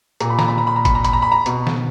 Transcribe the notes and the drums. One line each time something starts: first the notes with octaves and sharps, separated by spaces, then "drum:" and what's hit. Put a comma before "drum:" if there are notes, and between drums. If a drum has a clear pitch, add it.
A#2 A#5, drum: hi-hat
B5
A#5, drum: snare
B5
A#5
B5
A#5
B5, drum: kick G1, hi-hat
A#5
B5, drum: hi-hat
A#5
B5
A#5
B2, drum: hi-hat
drum: snare